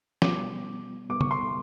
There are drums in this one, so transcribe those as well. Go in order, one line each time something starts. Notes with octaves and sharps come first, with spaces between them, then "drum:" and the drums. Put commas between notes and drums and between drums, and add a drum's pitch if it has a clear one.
B2 G3 B3 D6, drum: snare
B2 G3 B3 D6
C#6, drum: tom C#3
C6